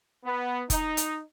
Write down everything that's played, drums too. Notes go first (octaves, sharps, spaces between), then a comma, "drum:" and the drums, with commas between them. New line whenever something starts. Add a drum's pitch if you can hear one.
B3
D#4, drum: kick F1, hi-hat
drum: hi-hat